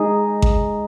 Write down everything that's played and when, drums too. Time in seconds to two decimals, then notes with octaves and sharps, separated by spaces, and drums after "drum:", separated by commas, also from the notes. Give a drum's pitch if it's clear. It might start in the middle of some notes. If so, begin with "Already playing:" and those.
Already playing: G#3 D#4 G#4
0.42 drum: kick A1